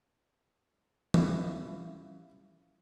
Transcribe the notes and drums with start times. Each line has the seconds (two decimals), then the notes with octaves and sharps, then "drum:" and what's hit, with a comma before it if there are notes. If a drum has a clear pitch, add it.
1.14 G3 C#4 E4 F4 E5, drum: tom E3